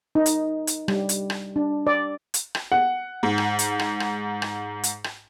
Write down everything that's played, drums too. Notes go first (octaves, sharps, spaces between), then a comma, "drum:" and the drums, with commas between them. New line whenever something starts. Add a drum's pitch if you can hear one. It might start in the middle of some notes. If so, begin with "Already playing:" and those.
D#4
drum: hi-hat
drum: hi-hat
G3, drum: rim click
drum: hi-hat
drum: rim click
D4
D5
drum: hi-hat
drum: rim click
F#5
G#2
drum: rim click
drum: hi-hat
drum: rim click
drum: rim click
drum: rim click
drum: hi-hat
drum: rim click